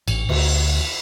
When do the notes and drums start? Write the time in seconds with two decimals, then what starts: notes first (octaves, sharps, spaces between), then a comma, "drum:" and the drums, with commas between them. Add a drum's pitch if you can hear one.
0.08 A1, drum: cymbal
0.29 D2, drum: cymbal